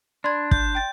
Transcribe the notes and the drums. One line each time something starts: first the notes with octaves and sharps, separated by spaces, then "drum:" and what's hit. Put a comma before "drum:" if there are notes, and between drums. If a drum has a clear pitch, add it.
D4 D5 B5 C6 G#6
G6, drum: kick
G5 A6